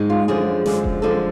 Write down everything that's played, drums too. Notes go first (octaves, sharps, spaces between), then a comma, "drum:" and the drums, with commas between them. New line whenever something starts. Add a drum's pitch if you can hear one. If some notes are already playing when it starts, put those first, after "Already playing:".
Already playing: G#2 D#3 G#3
F4
F#2 D3 F3 G#3 G#4
F#2 D3 F3 G#3, drum: snare
drum: kick E1
F#2 D3 F3 G#3 A4